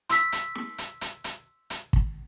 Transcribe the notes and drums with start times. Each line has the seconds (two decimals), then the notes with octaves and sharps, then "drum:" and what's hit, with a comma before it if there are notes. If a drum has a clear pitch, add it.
0.09 C6 E6 B6, drum: hi-hat
0.32 drum: hi-hat
0.55 drum: snare
0.78 drum: hi-hat
1.01 drum: hi-hat
1.24 drum: hi-hat
1.70 drum: hi-hat
1.93 drum: kick